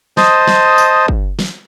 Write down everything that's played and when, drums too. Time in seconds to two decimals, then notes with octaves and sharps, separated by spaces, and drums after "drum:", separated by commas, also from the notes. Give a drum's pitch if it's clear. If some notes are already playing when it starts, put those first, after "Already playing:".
0.17 C5 D#5 A5 D#6, drum: snare
0.47 drum: snare
0.78 drum: tambourine
1.08 drum: kick
1.39 drum: snare